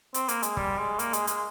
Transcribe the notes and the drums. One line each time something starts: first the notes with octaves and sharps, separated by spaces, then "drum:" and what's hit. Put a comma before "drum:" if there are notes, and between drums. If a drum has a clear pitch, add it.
C4, drum: hi-hat
A#3, drum: hi-hat
G#3, drum: hi-hat
G3, drum: kick
G#3
A#3, drum: hi-hat
G#3, drum: hi-hat
G#3, drum: hi-hat